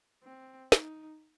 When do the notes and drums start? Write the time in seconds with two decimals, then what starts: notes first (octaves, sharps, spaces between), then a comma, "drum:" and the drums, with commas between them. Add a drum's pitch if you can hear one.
0.23 C4
0.72 D#4, drum: snare